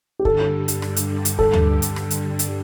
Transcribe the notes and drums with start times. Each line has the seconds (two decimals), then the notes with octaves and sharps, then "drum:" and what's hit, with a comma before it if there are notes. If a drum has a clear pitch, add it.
0.19 G4
0.25 G2 D3 G3 A4, drum: kick
0.68 drum: hi-hat
0.82 drum: rim click
0.96 drum: hi-hat
1.25 drum: hi-hat
1.39 A4, drum: kick
1.53 drum: tom D2
1.82 drum: hi-hat
1.96 drum: rim click
2.11 drum: hi-hat
2.39 drum: hi-hat